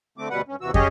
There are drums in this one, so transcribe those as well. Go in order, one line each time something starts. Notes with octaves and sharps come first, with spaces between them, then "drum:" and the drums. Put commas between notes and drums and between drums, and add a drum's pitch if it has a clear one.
D3 A3 C4 D6
D2 B2 G3 B4 F#5
G2 C#4
D#2 C3 E3 F#4 E6
C#4 G4 G#4 C#5 D#5, drum: kick